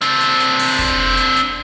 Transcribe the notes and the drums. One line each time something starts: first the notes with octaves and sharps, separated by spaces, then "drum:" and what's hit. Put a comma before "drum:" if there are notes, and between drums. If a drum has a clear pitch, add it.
C4 D4, drum: hi-hat
drum: hi-hat
drum: hi-hat
drum: open hi-hat
drum: kick F1, hi-hat
drum: hi-hat
drum: hi-hat